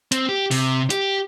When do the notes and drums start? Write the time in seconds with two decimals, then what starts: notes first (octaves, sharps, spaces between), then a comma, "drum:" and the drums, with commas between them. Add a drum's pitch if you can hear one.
0.12 C4, drum: hi-hat
0.29 G4
0.51 C3, drum: open hi-hat
0.90 G4, drum: hi-hat